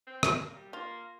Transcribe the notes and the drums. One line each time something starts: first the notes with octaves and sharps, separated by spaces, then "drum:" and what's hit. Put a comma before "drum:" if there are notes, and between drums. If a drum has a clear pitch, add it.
C4
C4, drum: rim click
G#3
A#3
G3
A#3 F4